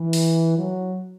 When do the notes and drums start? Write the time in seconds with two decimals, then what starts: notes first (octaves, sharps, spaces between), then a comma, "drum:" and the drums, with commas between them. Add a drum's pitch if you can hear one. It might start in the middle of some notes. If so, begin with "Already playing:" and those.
Already playing: E3
0.13 drum: open hi-hat
0.57 F#3